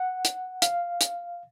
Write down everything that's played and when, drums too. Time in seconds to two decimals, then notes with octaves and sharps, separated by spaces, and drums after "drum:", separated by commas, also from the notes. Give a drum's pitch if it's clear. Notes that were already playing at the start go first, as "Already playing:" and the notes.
Already playing: F#5
0.25 drum: hi-hat
0.62 F5, drum: hi-hat
1.01 drum: hi-hat